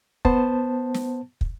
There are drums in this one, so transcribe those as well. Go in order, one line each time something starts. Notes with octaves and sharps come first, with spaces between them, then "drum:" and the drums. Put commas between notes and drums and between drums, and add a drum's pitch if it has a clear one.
B3 C5 A5, drum: kick
drum: snare
drum: kick